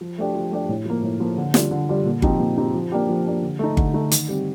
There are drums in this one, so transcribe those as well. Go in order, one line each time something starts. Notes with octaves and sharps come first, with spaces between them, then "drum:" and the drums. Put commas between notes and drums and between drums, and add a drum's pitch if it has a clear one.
F3
A3 D4 G4
F3
A3 D4 G4
A2
F3 A#3
A2
F3 A#3
D3
G3 D4 F4, drum: snare
D3
G3 D4 F4
A#2
F3 C4 D#4 G4, drum: kick G1
A#2
F3 C4 D#4 G4
F3
A#3 D4 G4
F3
A#3 D4 G4
D3
A3 D#4
D3, drum: kick G1
A3 D#4
D#3, drum: hi-hat
G3 C4